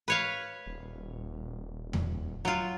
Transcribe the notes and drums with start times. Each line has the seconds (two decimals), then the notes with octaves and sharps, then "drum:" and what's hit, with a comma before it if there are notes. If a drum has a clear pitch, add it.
0.08 B4 C#5 F5
0.66 D#1
1.93 drum: tom E2
2.45 F#3 F4